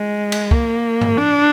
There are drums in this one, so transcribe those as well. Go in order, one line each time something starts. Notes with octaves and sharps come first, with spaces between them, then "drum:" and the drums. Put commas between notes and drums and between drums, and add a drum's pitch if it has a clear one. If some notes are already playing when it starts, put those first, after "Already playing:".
Already playing: G#3
drum: cymbal
A#3, drum: kick
drum: tom G2
D4